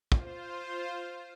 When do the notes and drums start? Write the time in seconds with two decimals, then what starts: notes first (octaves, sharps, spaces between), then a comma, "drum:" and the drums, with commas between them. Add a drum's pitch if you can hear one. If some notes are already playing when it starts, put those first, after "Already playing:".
0.12 F4 C5, drum: kick